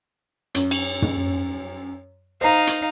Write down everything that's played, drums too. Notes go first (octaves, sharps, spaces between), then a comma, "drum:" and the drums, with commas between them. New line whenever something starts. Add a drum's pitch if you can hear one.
F#2, drum: hi-hat
drum: cymbal
drum: tom
D#4 C5 F5 A#5
drum: hi-hat